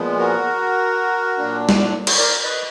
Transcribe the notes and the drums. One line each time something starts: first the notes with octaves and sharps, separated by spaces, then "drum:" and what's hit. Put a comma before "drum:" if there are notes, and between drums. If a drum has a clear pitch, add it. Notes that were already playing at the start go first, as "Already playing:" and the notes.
Already playing: A#2 F3 G#3 B3
F#4 A#4
A#2 F#3 A#3 D4
drum: snare
drum: cymbal
A#4 D5
B4 D#5